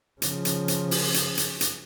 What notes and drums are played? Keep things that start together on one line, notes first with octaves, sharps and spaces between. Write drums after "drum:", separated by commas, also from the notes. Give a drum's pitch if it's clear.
C#3 F3, drum: hi-hat
drum: hi-hat
drum: hi-hat
drum: open hi-hat
drum: hi-hat
drum: hi-hat
drum: hi-hat